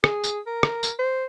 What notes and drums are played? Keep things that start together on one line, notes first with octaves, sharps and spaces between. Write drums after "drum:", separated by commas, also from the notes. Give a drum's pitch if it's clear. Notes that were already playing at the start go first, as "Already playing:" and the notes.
G#4, drum: rim click
drum: tambourine
A#4
drum: rim click
drum: tambourine
C5